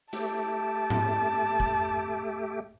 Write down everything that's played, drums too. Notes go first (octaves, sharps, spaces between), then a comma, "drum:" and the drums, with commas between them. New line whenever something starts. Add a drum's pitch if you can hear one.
A3 G4 A5, drum: hi-hat
drum: tom G#2
drum: kick